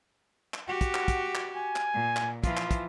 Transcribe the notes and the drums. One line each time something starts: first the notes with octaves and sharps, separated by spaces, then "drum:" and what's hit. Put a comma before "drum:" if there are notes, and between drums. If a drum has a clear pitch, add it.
drum: clap
F#4 G4 F#5
drum: kick, hi-hat
drum: clap
drum: kick, hi-hat
drum: clap
G#5
drum: clap
A#2
drum: clap
E3 F3 F4, drum: kick, hi-hat
drum: clap
drum: kick, hi-hat